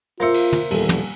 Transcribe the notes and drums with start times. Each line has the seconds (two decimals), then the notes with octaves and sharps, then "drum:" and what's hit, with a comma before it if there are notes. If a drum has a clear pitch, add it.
0.20 A#3 F4 C5 E5 A#6 C#7
0.34 drum: cymbal
0.52 drum: tom
0.71 D#1 E2 A4, drum: cymbal
0.89 drum: tom